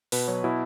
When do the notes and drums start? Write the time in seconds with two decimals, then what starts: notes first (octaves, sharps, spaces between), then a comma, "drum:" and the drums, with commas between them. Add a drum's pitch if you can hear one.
0.12 B2 B4, drum: open hi-hat
0.28 F#3 C#5
0.44 B2 E4